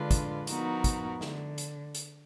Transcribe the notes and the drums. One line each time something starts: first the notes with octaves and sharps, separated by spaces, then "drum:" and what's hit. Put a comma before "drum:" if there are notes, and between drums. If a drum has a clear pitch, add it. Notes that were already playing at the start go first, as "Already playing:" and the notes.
Already playing: D3 G#3 D4 F4 B4
drum: kick, hi-hat
F3 B3 D#4 F#4 A#4, drum: hi-hat
drum: kick, hi-hat
D3, drum: snare
drum: hi-hat
drum: hi-hat